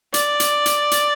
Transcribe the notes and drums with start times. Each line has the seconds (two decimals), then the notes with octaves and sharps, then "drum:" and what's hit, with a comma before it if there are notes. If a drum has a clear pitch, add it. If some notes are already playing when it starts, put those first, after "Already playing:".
0.14 D5, drum: hi-hat
0.40 drum: hi-hat
0.66 drum: hi-hat
0.91 drum: hi-hat